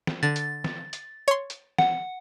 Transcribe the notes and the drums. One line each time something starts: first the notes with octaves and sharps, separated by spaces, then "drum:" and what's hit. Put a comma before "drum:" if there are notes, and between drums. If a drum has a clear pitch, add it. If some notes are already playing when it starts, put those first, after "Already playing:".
drum: snare
D3 A6
drum: hi-hat
drum: snare
drum: hi-hat
C#5 C6
drum: hi-hat
F#5, drum: snare